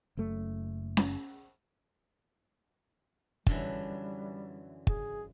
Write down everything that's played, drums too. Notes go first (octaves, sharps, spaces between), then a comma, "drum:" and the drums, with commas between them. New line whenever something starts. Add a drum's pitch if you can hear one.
F#1 F#2 A3
drum: snare C#4
F#2 D3 E3 G3, drum: kick
G#4, drum: kick